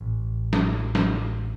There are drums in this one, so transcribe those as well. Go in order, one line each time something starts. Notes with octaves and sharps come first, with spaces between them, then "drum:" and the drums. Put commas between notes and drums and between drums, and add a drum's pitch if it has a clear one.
A1
drum: snare
drum: snare